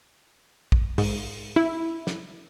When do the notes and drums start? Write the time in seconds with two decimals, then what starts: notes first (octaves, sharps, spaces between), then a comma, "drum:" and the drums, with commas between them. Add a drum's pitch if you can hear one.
0.72 drum: kick
0.98 G#2, drum: open hi-hat
1.56 E4
2.07 drum: snare